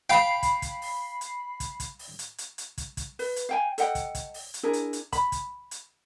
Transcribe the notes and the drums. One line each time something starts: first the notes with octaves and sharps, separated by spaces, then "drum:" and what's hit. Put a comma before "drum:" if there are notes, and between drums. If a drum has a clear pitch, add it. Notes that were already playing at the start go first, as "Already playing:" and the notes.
F5 G5 B5 C7
drum: kick, hi-hat
drum: kick, hi-hat
drum: open hi-hat
drum: hi-hat
drum: kick, hi-hat
drum: kick, hi-hat
drum: open hi-hat
drum: hi-hat
drum: hi-hat
drum: hi-hat
drum: kick, hi-hat
drum: kick, hi-hat
B4, drum: open hi-hat
drum: hi-hat
F5 G5 G#5
A4 D#5 F#5 G5, drum: hi-hat
drum: kick, hi-hat
drum: kick, hi-hat
drum: open hi-hat
drum: hi-hat
D4 E4 G#4 A#4
drum: hi-hat
drum: hi-hat
B5, drum: kick, hi-hat
drum: kick, hi-hat
drum: hi-hat